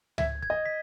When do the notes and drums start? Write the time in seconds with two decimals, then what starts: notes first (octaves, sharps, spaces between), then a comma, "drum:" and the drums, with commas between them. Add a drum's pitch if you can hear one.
0.18 E5 G#6, drum: tom C#2
0.43 G#6, drum: kick
0.50 D#5
0.66 B6